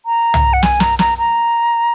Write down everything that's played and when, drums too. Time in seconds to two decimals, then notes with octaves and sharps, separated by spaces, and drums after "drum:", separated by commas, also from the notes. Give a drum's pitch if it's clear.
0.06 A#5
0.34 drum: tom C2
0.53 F#5
0.63 G#5, drum: snare
0.80 A#5, drum: snare
0.99 A#5, drum: snare
1.18 A#5